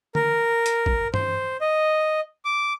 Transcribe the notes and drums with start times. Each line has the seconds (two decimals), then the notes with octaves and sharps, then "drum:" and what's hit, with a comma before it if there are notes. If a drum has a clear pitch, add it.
0.15 A#4, drum: tom
0.66 drum: hi-hat
0.86 drum: kick
1.14 C5, drum: tom G2
1.61 D#5
2.45 D6